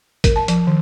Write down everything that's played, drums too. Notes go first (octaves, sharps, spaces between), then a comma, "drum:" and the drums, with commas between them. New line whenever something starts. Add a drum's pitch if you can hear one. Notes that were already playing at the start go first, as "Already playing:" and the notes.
A#4, drum: kick, hi-hat
A5
F3, drum: hi-hat
D#3